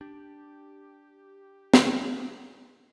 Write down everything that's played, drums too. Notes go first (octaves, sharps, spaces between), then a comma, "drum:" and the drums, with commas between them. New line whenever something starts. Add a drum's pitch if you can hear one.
D4 G4
drum: snare